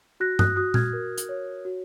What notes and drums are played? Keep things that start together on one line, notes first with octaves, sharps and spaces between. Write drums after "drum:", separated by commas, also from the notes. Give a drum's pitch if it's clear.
F#4 F#6 A#6
D#6 F#6, drum: tom G2
F#4 D#6 F#6
F6 G#6, drum: tom A#2
A#4
drum: hi-hat
C#5
F#4